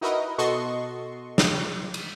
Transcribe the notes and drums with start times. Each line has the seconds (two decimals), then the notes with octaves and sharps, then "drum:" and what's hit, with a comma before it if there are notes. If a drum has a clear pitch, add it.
0.01 D#4 E4 F#4 A#4 B4 D#5
0.38 B2 F#4 A4 D#5 C6 C#6
1.38 drum: snare
1.94 drum: cymbal